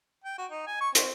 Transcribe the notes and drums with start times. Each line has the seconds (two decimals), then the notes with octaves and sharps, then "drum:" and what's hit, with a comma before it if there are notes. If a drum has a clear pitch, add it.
0.24 G5
0.38 F#4
0.51 D#4
0.67 G#5
0.81 C#6
0.95 C4, drum: hi-hat